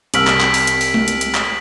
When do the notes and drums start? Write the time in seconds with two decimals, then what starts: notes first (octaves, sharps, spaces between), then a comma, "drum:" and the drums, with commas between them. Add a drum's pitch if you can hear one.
0.14 C2 E6 F6 B6 D7 F#7, drum: hi-hat
0.27 drum: clap
0.41 drum: clap
0.54 drum: open hi-hat
0.67 drum: hi-hat
0.81 drum: open hi-hat
0.94 drum: tom G#3
1.08 drum: hi-hat
1.21 drum: hi-hat
1.35 drum: clap